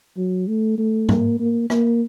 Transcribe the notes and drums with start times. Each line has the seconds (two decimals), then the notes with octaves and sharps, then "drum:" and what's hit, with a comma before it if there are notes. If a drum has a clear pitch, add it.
0.17 F#3
0.47 A3
0.78 A3
1.09 A#3, drum: tom G#2
1.40 A#3
1.70 A#3, drum: rim click